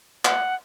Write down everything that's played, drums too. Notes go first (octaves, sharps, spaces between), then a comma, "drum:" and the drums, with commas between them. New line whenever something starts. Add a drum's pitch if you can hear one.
F#5, drum: clap